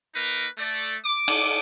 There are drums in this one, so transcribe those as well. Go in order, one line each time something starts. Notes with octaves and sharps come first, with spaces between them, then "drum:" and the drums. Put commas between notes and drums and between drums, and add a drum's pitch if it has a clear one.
A#3 D#4 A#4 B4
A3 D5
D6
drum: cymbal